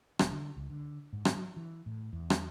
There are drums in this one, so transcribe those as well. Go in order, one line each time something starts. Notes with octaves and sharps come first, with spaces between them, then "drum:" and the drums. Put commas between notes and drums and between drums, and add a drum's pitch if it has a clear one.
E1, drum: rim click
D3
C#2
D3
G#2
drum: rim click
F#3
E3
A2
E2
drum: rim click